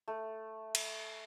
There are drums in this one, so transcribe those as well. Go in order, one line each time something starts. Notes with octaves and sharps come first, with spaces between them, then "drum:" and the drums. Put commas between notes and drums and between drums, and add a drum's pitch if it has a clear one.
A3
drum: cymbal